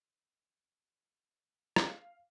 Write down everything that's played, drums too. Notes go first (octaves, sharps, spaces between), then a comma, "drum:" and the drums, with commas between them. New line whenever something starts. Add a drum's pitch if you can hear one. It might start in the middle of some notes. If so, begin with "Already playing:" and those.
F5, drum: rim click